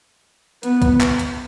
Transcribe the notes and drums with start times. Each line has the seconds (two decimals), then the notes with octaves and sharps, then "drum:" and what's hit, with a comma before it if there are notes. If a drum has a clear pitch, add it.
0.63 B3, drum: hi-hat
0.82 drum: kick, hi-hat
1.01 drum: clap
1.19 drum: hi-hat